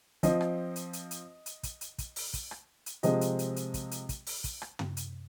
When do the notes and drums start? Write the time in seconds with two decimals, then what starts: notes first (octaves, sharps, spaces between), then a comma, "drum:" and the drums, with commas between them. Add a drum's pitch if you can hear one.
0.23 F3 C4 D#5, drum: kick, hi-hat
0.41 drum: rim click
0.76 drum: hi-hat
0.93 drum: hi-hat
1.11 drum: hi-hat
1.46 drum: hi-hat
1.63 drum: kick, hi-hat
1.81 drum: hi-hat
1.98 drum: kick, hi-hat
2.16 drum: open hi-hat
2.34 drum: kick, hi-hat
2.51 drum: rim click
2.86 drum: hi-hat
3.03 C3 F3 G#3 C4 D#5, drum: hi-hat
3.21 drum: hi-hat
3.39 drum: hi-hat
3.56 drum: hi-hat
3.74 drum: kick, hi-hat
3.91 drum: hi-hat
4.09 drum: kick, hi-hat
4.26 drum: open hi-hat
4.44 drum: kick, hi-hat
4.62 drum: rim click
4.79 drum: tom
4.97 drum: hi-hat